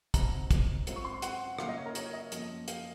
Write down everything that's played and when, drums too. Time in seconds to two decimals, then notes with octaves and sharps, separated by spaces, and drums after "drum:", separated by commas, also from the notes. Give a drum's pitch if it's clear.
0.14 G#2 F#3 C4 D#4 A#5, drum: kick, hi-hat
0.51 drum: kick, hi-hat
0.87 G#2 F#3 C4 F4, drum: hi-hat
0.96 C#6
1.05 C6
1.22 F#5, drum: hi-hat
1.59 C#3 F#3 A#3 F5, drum: rim click
1.69 D#5
1.78 C#5
1.86 A#4
1.95 C#5, drum: hi-hat
2.13 D#5
2.32 F#2 F3 A#3, drum: hi-hat
2.68 F5, drum: hi-hat